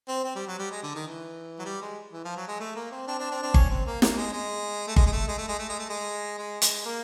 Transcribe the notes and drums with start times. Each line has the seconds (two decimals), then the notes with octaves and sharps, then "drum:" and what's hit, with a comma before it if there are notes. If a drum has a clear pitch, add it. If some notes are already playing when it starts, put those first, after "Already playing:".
0.08 C4
0.24 C4
0.35 G3
0.47 F#3
0.59 G3
0.71 G#3
0.83 D3
0.95 D#3
1.07 E3
1.59 F#3
1.65 G3
1.81 G#3
2.12 E3
2.25 F3
2.36 F#3
2.48 G#3
2.60 A3
2.76 A#3
2.91 C4
3.07 C4 D4
3.19 C4 D4
3.31 C4 D4
3.42 C4 D4
3.54 C#4, drum: kick G1
3.70 C4
3.86 A#3
4.02 A#3, drum: snare
4.17 G#3
4.33 G#3
4.87 A3
4.96 G#3, drum: kick G1
5.06 G#3
5.12 A3
5.28 G#3
5.38 A3
5.48 G#3
5.59 A3
5.69 G#3
5.79 A3
5.90 G#3
6.38 G#3
6.62 G#3, drum: hi-hat
6.85 A#3